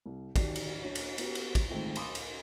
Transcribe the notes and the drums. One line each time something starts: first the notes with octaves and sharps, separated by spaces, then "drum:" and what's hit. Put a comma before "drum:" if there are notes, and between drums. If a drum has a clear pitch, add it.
C2
D#3 F#4 G4 D5 C7, drum: kick, cymbal
drum: cymbal
D4 F#4 C#5
drum: cymbal
B3 F#4 G4, drum: cymbal
drum: cymbal
drum: kick, cymbal
D#3 G#3 A3 C4 F4
F5 G#5 B5 C6 D6 D#6, drum: cymbal
drum: cymbal